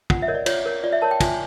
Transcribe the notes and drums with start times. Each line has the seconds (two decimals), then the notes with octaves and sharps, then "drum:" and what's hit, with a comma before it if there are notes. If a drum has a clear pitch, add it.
0.10 F4 F#5, drum: kick
0.22 E5
0.28 A#4 C#5 D#5
0.34 D5
0.46 F4 C#5, drum: cymbal
0.66 A#4 C#5
0.83 F4 D5
0.93 E5
1.02 A#4 C#5 A5
1.11 G5
1.20 F4 G#5, drum: kick, cymbal